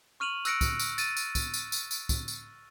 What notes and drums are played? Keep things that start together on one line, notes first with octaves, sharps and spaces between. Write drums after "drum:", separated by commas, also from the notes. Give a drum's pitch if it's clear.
C#6 F6 D#7 F7 F#7
E6 F#6 A#6 C#7 D7, drum: tambourine
drum: kick, tambourine
drum: tambourine
A6 D#7, drum: tambourine
drum: tambourine
drum: kick, tambourine
drum: tambourine
drum: tambourine
drum: tambourine
drum: kick, tambourine
drum: tambourine